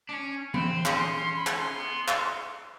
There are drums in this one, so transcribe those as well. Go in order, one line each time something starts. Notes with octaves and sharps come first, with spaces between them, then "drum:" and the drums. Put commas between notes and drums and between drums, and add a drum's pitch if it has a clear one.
D4
C#4
C4 B5, drum: tom E3
C6
C#4, drum: clap
C6
C6
B5
drum: clap
C6
B3
drum: clap